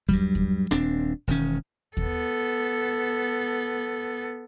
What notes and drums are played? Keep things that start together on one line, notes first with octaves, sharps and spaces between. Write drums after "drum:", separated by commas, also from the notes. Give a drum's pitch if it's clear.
G2 F#3 G3, drum: kick D#2
drum: kick D#2
D#1 C4 D4, drum: rim click
E1 D#3 C#4
B3 A4, drum: kick D#2